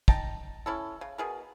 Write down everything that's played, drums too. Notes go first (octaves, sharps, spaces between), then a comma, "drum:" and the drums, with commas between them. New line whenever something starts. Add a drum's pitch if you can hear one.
D#4 G5 A5 A#5, drum: kick
C#4 E4 A4
C#3
B2 G#4 A#4